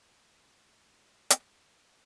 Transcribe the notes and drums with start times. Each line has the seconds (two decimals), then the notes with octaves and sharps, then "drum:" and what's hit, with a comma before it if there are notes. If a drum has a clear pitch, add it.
0.15 G#2 A3
1.30 drum: hi-hat